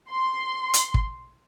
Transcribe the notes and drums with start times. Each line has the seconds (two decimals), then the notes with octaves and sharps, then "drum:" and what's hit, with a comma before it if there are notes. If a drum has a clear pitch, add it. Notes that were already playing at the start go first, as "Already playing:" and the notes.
0.10 C6
0.74 drum: hi-hat
0.94 drum: kick